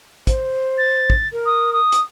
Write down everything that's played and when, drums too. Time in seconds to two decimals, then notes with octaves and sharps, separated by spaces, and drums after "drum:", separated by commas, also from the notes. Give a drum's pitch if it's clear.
0.27 C5, drum: kick, hi-hat
0.78 A6
1.10 drum: kick
1.32 A#4
1.46 D#6
1.73 D#6
1.92 drum: hi-hat